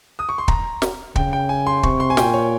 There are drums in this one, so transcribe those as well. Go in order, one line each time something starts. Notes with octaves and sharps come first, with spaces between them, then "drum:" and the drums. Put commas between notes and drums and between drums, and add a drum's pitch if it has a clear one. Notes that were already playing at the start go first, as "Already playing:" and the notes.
D#6
C#6
C6
A#5, drum: kick
drum: snare
C#3 G5, drum: kick
G5
G#5
C6
C3 C#6, drum: kick
C6
G#5
A#2 G5, drum: snare
C#5